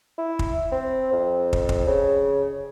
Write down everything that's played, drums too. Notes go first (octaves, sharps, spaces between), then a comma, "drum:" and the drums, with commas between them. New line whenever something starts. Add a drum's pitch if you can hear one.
E4
drum: kick
C4
F2
drum: kick
drum: kick
C#3